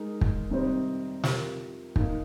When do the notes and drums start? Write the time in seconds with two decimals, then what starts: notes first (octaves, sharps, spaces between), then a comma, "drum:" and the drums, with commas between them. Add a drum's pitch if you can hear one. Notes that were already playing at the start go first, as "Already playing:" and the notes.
Already playing: G#3 D#4 A#4
0.21 drum: kick
0.50 C3 D#3 G3 C4 D#4
1.24 F3 C4 G4 A#4, drum: snare
1.96 D#3 A#3 D#4 A#4, drum: kick